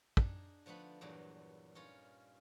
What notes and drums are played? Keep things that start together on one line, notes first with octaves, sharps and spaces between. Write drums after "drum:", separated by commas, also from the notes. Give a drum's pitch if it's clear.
D4 D#4 G#4, drum: kick
D3 F3 A3 B3 B5
E2 G2 A#2 F#3 G#4 G5
C#4 D#4 F4 C#5